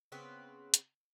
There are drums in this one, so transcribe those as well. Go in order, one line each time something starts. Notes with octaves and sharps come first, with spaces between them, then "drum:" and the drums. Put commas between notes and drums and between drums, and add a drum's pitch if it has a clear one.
C#3 B3 C4 B4
drum: hi-hat